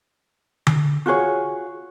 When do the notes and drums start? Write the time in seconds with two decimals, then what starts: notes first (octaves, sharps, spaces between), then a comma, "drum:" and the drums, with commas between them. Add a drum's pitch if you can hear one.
0.67 drum: tom D3
1.06 F4 F#4 G#4 C#5